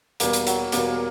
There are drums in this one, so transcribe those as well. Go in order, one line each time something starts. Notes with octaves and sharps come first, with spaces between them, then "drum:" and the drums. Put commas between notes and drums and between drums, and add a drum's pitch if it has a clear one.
E2 B2 G3 A#3 B3, drum: hi-hat
drum: hi-hat
F#3, drum: hi-hat
E2 B2 G3 A#3 B3, drum: hi-hat
A#3